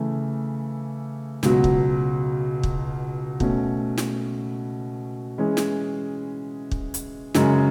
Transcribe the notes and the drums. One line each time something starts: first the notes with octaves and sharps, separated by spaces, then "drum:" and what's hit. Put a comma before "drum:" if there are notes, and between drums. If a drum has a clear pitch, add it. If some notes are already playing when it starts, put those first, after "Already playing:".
Already playing: C#3 E3 A3
C#2 B2 F#3, drum: snare
drum: kick
drum: kick
B2 A3 C#4, drum: kick
drum: snare
E3 G#3 C#4 G#4
drum: snare
drum: kick
drum: hi-hat
F#2 C#3 G#3 C#4, drum: snare